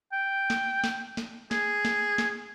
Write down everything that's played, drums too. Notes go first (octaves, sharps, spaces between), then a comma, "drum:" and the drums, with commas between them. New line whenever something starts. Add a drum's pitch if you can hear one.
G5
drum: snare
drum: snare
drum: snare
G#4, drum: snare
drum: snare
drum: snare